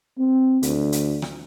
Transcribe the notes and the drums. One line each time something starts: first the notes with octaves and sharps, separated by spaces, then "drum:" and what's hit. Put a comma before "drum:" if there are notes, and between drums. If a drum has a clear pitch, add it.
C4
D2, drum: hi-hat
drum: hi-hat
drum: rim click